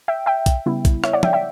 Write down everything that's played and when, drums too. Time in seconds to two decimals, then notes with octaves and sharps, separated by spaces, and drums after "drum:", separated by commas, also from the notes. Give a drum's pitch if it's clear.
0.08 E5 G5
0.26 E5 G5
0.46 drum: kick B1, hi-hat
0.66 C#3 G3 B3 E4
0.85 drum: kick B1, hi-hat
1.04 C#5 E5, drum: rim click
1.13 D5 F#5
1.23 E5 G5, drum: tom
1.33 E5 G5